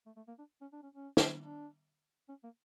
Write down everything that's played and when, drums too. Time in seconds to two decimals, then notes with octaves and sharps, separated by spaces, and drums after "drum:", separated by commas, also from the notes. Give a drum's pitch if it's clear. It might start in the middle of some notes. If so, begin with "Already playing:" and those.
0.06 A3
0.16 A3
0.28 A#3
0.38 D4
0.61 C#4
0.73 D4
0.83 C#4
0.95 C#4
1.17 drum: snare
1.40 D4
2.29 C#4
2.43 A#3